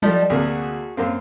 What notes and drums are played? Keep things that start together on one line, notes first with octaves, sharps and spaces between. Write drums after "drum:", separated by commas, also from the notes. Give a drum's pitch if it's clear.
F3 G3 A3 D#4 A5, drum: tom F#3
D2 C3 A#3 F#4 G#4
F#2 A#3 C4 F4